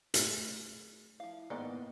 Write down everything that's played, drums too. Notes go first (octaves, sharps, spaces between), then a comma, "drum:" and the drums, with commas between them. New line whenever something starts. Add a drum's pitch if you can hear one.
A3 G#4, drum: hi-hat
F3 E4 F5
G#2 D#3 A#3 B3 E4 B4 D5 D#5